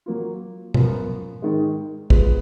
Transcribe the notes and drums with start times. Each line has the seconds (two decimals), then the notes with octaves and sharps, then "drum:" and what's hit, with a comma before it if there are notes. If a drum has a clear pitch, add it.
0.06 F#3 A#3 F4
0.74 F#2 F3 B3 F4, drum: tom
1.42 G#2 D#3 G#3
2.10 G#3 B3 F4 B4, drum: kick